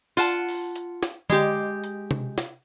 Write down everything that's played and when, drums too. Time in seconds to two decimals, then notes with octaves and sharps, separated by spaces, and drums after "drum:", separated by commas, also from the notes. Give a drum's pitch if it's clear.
0.17 F4 F#5 A5
0.49 drum: open hi-hat
0.76 drum: hi-hat
1.03 drum: snare
1.30 G#3 G4, drum: tom D3
1.84 drum: hi-hat
2.11 drum: tom C3
2.38 drum: snare